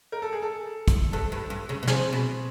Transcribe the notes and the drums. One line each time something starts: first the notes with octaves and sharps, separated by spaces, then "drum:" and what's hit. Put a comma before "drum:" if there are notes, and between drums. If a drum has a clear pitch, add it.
A#4
A4
G#4
A4
drum: kick, hi-hat
G2 A4
G2
G2
C#3
B2
C3 G#4, drum: snare
B2